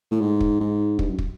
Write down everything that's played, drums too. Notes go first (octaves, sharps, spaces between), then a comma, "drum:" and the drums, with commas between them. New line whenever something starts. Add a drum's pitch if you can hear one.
A2
G#2
drum: kick
G#2
G2, drum: kick
F#2
drum: kick